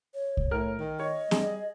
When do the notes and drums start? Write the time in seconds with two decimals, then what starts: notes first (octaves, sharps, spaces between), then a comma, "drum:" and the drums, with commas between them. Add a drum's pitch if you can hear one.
0.14 C#5
0.37 drum: kick C2
0.51 A2 A#4 F6
0.79 D#3
1.00 C#5 D#5
1.31 G3 G#4, drum: snare